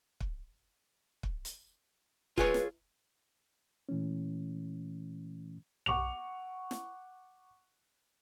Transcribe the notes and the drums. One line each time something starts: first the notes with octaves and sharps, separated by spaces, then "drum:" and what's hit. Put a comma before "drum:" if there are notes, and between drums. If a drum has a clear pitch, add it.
drum: kick
drum: kick
drum: hi-hat
F4 G#4 B4 C#5, drum: kick
drum: snare
A#2 E3 A3 C#4
F#5 C#6 D6 F7, drum: tom B1
drum: snare